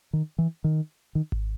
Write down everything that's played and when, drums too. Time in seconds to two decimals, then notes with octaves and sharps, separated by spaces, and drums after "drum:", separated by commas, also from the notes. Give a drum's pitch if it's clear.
0.13 D#3
0.38 E3
0.64 D#3
1.15 D#3
1.32 drum: kick G#1